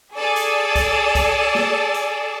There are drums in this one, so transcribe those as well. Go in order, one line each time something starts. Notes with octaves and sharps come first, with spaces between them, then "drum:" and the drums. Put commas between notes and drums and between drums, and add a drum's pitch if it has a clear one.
G#4 A4 D5 G#5 A5
drum: hi-hat
drum: kick B1, hi-hat
drum: kick B1, hi-hat
drum: snare
drum: hi-hat